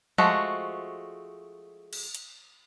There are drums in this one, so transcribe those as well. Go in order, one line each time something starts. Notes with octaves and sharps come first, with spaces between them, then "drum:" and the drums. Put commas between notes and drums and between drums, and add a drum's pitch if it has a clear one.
F3 G#3 A3 F#4, drum: tom F3
drum: cymbal
drum: hi-hat